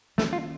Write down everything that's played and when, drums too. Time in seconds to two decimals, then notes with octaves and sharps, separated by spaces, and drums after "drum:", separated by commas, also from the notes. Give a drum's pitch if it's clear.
0.18 D#3 A3 A#3 C#4, drum: snare
0.33 F4